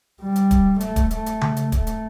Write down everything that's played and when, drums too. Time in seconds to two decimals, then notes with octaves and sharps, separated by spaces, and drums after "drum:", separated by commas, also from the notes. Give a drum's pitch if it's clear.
0.21 G3
0.36 drum: hi-hat
0.51 drum: kick, hi-hat
0.80 A3, drum: hi-hat
0.96 drum: kick, hi-hat
1.11 A3, drum: hi-hat
1.26 drum: hi-hat
1.41 drum: tom C#3
1.57 drum: hi-hat
1.72 A3, drum: kick, hi-hat
1.87 drum: hi-hat